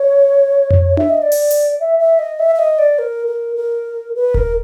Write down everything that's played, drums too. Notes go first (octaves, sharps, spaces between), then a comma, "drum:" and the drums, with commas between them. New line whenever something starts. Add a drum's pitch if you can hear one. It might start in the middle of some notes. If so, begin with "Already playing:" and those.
Already playing: C#5
drum: tom F2
E5, drum: tom D4
D#5
D5
drum: open hi-hat
drum: hi-hat
E5
E5
D#5
E5
E5
D#5
D5
A#4
A#4
A#4
B4
A#4, drum: kick D#1